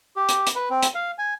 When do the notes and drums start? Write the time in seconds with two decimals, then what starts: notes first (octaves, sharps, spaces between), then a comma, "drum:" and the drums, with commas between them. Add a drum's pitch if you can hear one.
0.16 G4
0.29 drum: hi-hat
0.47 drum: hi-hat
0.56 B4
0.70 C4
0.83 drum: hi-hat
0.95 F5
1.18 G#5